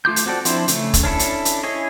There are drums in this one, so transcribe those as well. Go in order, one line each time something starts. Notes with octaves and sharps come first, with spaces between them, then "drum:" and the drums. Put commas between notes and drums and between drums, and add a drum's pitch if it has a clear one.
A3 F4 D6 G6
drum: hi-hat
C4 F#4 A4 D5
F3 C4 D4 E4 C5, drum: hi-hat
C#3 A3, drum: hi-hat
drum: kick, hi-hat
C#4 D4 E4 A4
drum: hi-hat
drum: hi-hat
C#4 E4 G#4 C#5 D#5